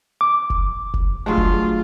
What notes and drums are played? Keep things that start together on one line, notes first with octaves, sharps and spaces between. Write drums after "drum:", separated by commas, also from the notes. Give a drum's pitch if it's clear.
D6
drum: kick F1
drum: kick F1
G2 F#3 G#3 A3 F4
drum: kick F1